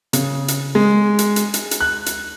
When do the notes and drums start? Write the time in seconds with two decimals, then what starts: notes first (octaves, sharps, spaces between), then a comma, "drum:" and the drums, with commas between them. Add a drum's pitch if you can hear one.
0.13 C#3, drum: hi-hat
0.48 drum: hi-hat
0.75 G#3
1.19 drum: hi-hat
1.36 drum: hi-hat
1.54 drum: hi-hat
1.71 drum: hi-hat
1.81 F#6
2.06 drum: hi-hat